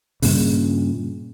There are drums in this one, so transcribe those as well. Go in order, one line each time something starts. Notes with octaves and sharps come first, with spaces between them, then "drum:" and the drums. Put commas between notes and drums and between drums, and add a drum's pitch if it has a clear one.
G2 A#2 C#3, drum: open hi-hat